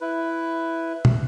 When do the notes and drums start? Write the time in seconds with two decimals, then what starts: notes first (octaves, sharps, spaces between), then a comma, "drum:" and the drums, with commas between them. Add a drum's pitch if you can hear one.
0.01 E4 B4
1.05 drum: tom